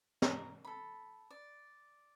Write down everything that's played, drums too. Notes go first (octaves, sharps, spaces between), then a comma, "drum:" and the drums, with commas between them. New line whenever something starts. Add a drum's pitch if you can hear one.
A#5, drum: snare
A4 B5
D5